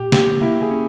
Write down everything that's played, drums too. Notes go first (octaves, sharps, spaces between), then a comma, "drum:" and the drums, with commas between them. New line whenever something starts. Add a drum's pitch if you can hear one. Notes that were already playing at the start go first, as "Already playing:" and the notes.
Already playing: A#2 G4
A#3 G4, drum: snare
A#3 E4
G#4
C#4